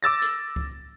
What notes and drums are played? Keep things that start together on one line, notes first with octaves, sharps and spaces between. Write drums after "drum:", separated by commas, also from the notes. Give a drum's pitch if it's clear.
D6 E6 A6 A#6
drum: hi-hat
drum: kick C#2